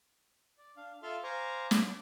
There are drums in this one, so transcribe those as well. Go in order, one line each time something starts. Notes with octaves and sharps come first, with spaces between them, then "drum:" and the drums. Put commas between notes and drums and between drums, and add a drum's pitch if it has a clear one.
D5
D4 F5
F4 A4 E5 F5 C6 F6
C5 F5 G#5 A#5 C#6 D6
drum: snare
D6